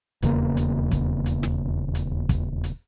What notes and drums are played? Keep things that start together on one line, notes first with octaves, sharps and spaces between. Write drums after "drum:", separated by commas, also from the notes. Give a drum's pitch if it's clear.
D#1 E2 C#3 A#3, drum: hi-hat
drum: hi-hat
drum: kick, hi-hat
drum: hi-hat
drum: snare
drum: hi-hat
drum: kick, hi-hat
drum: hi-hat